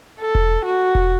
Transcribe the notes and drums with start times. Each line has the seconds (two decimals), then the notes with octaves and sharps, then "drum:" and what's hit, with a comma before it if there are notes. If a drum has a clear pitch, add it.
0.20 A4
0.35 drum: kick E1
0.65 F#4
0.95 drum: kick E1